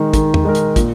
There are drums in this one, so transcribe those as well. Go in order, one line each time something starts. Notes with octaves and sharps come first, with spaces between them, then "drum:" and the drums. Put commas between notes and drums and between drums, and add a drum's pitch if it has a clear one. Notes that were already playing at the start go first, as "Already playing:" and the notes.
Already playing: D#3 G#3 D#4 A#4
D#3, drum: kick, hi-hat
drum: tom
G#3 D#4 A#4
drum: hi-hat
A#2, drum: kick, hi-hat